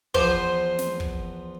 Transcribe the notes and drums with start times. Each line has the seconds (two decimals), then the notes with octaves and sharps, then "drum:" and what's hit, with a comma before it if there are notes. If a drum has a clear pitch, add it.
0.14 E2 F3 B3 C5, drum: kick
0.78 drum: snare
1.00 drum: kick